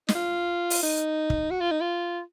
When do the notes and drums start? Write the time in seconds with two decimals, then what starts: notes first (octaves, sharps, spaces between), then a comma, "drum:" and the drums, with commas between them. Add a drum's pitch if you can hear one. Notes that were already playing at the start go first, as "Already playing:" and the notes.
0.08 D#4, drum: snare
0.15 F4
0.70 drum: open hi-hat
0.83 D#4
1.30 drum: kick
1.51 F#4
1.61 F4
1.71 D#4
1.81 F4